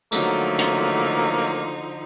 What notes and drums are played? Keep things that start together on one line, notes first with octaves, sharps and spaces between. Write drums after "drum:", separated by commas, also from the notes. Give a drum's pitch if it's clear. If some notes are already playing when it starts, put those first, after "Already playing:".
D3 F3 F#3 A3 A#3 D#4, drum: tambourine
drum: hi-hat